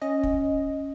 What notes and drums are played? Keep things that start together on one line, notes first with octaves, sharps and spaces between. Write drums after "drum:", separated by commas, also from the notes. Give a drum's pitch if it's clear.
C#4 D#5
drum: kick